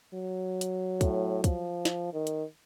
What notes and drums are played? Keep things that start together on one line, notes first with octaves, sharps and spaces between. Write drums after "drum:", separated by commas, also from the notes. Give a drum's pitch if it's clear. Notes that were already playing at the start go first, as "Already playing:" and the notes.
F#3
drum: hi-hat
A2, drum: kick, hi-hat
F3, drum: kick, hi-hat
drum: snare
D#3
drum: hi-hat